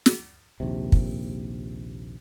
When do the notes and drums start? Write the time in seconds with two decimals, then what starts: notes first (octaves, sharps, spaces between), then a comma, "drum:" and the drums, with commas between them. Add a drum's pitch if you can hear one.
0.06 drum: snare
0.60 A#1 D#2 C3
0.92 drum: kick